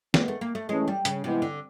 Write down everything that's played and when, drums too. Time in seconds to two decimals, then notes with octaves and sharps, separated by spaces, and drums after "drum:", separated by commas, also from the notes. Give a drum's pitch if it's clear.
0.14 D#3 G#3 A#3 B3, drum: snare
0.28 A3
0.41 A#3
0.55 A3
0.69 E3 G#3 A3 C#4
0.88 G3
1.05 C#3, drum: hi-hat
1.24 C3 E3 G#3 B3 E4
1.42 D3